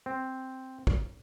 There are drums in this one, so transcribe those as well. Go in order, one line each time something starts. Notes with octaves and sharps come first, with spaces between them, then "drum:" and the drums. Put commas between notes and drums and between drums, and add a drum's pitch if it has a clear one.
C4
drum: kick